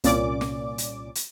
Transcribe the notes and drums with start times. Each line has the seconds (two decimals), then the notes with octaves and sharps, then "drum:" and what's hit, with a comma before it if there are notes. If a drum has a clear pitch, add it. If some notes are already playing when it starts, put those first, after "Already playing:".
0.04 C2 A#2 C#4 D5 D6, drum: hi-hat
0.41 drum: snare
0.78 drum: hi-hat
1.15 drum: hi-hat